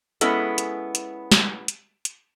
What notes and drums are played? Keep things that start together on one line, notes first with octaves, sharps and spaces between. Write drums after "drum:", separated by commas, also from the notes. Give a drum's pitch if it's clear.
G#3 B3 C#4 E4 A4, drum: hi-hat
drum: hi-hat
drum: hi-hat
drum: snare
drum: hi-hat
drum: hi-hat